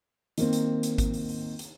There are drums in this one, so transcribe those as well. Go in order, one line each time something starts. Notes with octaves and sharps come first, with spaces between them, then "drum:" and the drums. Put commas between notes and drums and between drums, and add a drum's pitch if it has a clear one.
D#3 A#3 C4, drum: hi-hat
drum: hi-hat
drum: hi-hat
drum: kick G#1, hi-hat
drum: open hi-hat
drum: open hi-hat
drum: hi-hat